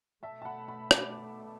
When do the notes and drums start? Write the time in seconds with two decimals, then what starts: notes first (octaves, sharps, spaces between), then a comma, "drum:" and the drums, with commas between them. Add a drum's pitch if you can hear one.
0.23 B2 A3 E5 A5
0.42 A5
0.45 F#5 B5
0.68 F#5 B5
0.91 A5 D6, drum: rim click